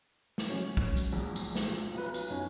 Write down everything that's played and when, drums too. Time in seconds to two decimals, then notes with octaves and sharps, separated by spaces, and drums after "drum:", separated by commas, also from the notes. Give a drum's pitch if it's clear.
0.38 drum: snare
0.50 F#3 G#3 C#4 F#4
0.77 drum: kick
0.97 drum: tambourine
1.13 A#1 E2
1.36 drum: tambourine
1.55 drum: snare
1.71 F4
1.95 B1 F4 B4
2.14 drum: tambourine
2.31 F#2 C#4 D#4 G#5